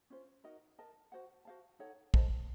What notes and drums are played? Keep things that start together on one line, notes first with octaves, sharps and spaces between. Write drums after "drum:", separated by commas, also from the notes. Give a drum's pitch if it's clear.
C#4 F4 C5
D#4 F#4 A#4 D#5
A#4 D#5 A5
F#4 C5 F#5
F#4 C5 F5 A5
D#4 A4 C#5 F#5
A4 C5 D#5 A5, drum: kick